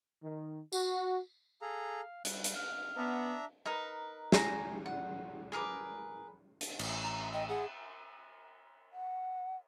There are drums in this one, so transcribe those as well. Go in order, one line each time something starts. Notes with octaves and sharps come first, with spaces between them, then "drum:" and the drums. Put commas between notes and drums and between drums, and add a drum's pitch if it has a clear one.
D#3
F#4, drum: tambourine
G#4 A4 F5 A#5
G3 F#6, drum: hi-hat
drum: hi-hat
F6
B3 D4 E5 A#5
D#4 A#4 B4
G#5 A#5, drum: snare
F#5
G#4 A#4 B4 D6
drum: hi-hat
A1, drum: cymbal
A#5
D#5 G5
G#4 F#5
F#5